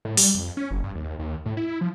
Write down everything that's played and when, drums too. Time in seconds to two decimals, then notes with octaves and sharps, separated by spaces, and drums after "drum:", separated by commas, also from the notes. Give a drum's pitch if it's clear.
0.05 A2
0.17 G3, drum: open hi-hat
0.35 F2
0.57 C#4
0.71 F#1
0.84 G2
0.95 D#2
1.19 D#2
1.46 A2
1.57 E4
1.81 F3